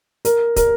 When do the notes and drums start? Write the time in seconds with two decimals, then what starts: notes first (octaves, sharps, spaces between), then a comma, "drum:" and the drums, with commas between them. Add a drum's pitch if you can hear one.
0.25 A#4, drum: hi-hat
0.56 A#4, drum: kick, hi-hat